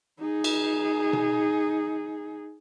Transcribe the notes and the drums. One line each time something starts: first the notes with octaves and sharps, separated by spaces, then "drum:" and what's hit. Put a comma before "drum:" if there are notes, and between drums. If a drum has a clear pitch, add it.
D#4 G#4
drum: cymbal
drum: tom B2